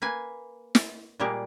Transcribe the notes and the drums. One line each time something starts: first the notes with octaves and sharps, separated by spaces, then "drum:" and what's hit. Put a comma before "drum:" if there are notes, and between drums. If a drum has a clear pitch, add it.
A#3 B4 G#5
drum: snare
A#2 G3 G#3 A#3 G4